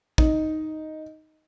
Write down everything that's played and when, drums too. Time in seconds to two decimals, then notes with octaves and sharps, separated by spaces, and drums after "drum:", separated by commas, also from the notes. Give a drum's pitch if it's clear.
0.18 D#4, drum: kick